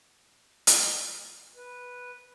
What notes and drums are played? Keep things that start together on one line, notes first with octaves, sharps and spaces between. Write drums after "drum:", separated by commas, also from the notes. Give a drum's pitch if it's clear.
drum: hi-hat
B4